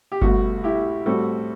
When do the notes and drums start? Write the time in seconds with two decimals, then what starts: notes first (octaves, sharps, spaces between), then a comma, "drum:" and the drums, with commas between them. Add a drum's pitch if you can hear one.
0.12 G4
0.22 C2 B2 A3 F#4, drum: kick G1
0.64 E4 G4
1.06 A2 G3 C4 F#4 A4